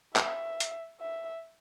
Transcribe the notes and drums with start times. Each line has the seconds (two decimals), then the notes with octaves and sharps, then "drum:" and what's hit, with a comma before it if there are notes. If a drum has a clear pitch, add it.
0.16 E5, drum: clap
0.60 drum: hi-hat
1.00 E5